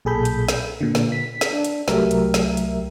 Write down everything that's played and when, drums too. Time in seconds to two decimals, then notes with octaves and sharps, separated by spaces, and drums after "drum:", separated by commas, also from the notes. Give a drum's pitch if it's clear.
0.05 B1 A#2 G#4 A4 B5 G6
0.25 drum: hi-hat
0.48 drum: snare
0.81 A#2 D3
0.95 drum: snare
1.12 B6
1.41 drum: snare
1.52 D4
1.64 drum: hi-hat
1.88 C2 F#3 A3 G4 A#4 E5, drum: snare
2.11 drum: hi-hat
2.34 drum: snare
2.57 drum: hi-hat